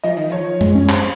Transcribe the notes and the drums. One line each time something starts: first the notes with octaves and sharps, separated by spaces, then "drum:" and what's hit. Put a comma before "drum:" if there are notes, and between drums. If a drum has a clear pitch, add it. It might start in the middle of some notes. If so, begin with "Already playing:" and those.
F3 D#5
D#3
F3 C#5
G#3, drum: tom F#2
C#4
C5, drum: clap